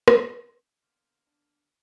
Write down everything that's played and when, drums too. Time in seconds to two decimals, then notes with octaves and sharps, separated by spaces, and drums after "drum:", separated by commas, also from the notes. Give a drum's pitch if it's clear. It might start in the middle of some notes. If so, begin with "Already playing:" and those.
0.08 D3 C4, drum: rim click
0.83 D3 A#3 B3 C5
1.27 D4